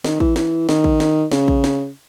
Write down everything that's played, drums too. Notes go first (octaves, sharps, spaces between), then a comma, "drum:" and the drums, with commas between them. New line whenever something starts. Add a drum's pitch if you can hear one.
D#3, drum: snare
E3, drum: kick
E3, drum: snare
D#3, drum: snare
drum: kick
drum: snare
C#3, drum: snare
drum: kick
drum: snare